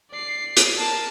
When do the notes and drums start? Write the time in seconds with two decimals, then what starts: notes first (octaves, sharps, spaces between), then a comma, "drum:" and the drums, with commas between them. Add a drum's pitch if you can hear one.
0.11 D5 C7
0.57 drum: hi-hat
0.77 A#4 A5